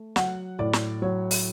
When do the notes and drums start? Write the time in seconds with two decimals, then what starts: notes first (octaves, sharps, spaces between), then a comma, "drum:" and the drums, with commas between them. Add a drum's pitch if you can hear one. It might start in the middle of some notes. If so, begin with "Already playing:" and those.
Already playing: A3
0.16 F#3 F#5, drum: snare
0.59 A2 D5
0.73 drum: snare
1.02 F#3 C#5
1.31 drum: open hi-hat